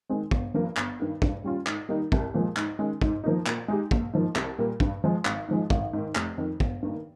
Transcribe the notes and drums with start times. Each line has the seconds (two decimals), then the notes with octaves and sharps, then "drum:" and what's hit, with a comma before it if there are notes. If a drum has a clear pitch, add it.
0.09 D#3 G#3 C4
0.31 G1, drum: kick
0.54 G2 F3 A#3
0.77 G1, drum: clap
1.00 G2 D#3
1.22 G2, drum: kick
1.44 G3 C#4 F4
1.66 G#2, drum: clap
1.89 D#3 G3 A#3 D#4
2.12 C2, drum: kick
2.34 A#2 F3 G#3
2.56 G#2, drum: clap
2.79 D#3 G#3 C#4
3.01 G#2, drum: kick
3.24 F3 A#3 D#4
3.46 A#2, drum: clap
3.68 G#3 D#4 G4
3.91 A#1, drum: kick
4.13 G#2 F3 A#3
4.35 C2, drum: clap
4.58 A#2 G3 A#3
4.80 G2, drum: kick
5.04 F3 G#3
5.25 G#1, drum: clap
5.48 G#2 F3 G#3
5.70 G#1, drum: kick
5.93 G#2 D#3
6.15 F1, drum: clap
6.38 F2 D#3
6.60 G1, drum: kick
6.82 G2 D#3 A#3